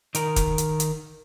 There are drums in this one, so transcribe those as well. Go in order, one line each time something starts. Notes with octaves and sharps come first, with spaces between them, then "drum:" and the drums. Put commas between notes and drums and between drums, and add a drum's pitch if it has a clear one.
D#3 A#4, drum: hi-hat
drum: kick F1, hi-hat
drum: hi-hat
drum: hi-hat